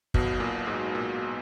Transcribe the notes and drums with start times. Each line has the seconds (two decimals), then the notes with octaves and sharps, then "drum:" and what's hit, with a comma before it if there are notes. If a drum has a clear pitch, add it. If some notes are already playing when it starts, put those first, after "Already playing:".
0.14 B1 B2, drum: kick
0.40 A#2
0.67 G#2
0.95 A#2